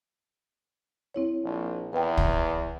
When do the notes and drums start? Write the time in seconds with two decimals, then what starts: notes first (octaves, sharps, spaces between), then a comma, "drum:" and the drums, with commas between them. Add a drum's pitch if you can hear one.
1.14 C4 E4 C#5
1.44 A#1
1.93 E2 B4 G5
2.17 drum: kick